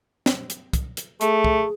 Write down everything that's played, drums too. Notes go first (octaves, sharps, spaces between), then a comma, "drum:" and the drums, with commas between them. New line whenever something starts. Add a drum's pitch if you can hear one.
drum: snare
drum: hi-hat
drum: kick, hi-hat
drum: hi-hat
A3 G#4, drum: hi-hat
drum: kick